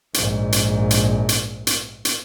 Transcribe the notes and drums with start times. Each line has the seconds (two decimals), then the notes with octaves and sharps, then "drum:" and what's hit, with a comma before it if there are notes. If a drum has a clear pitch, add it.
0.14 A#1 G#2, drum: hi-hat
0.52 drum: hi-hat
0.91 drum: hi-hat
1.29 drum: hi-hat
1.67 drum: hi-hat
2.05 drum: hi-hat